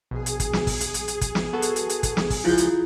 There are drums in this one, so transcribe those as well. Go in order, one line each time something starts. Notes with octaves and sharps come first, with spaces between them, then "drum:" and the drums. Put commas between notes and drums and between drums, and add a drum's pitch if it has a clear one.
A#1 B2 G#4
drum: hi-hat
drum: kick, hi-hat
drum: snare
drum: kick, open hi-hat
drum: hi-hat
drum: hi-hat
drum: hi-hat
drum: kick, hi-hat
drum: snare
B3 F#4 A4
drum: hi-hat
drum: hi-hat
drum: hi-hat
drum: kick, hi-hat
drum: snare
drum: kick, open hi-hat
C#2 F3 E4 F4 G6
drum: hi-hat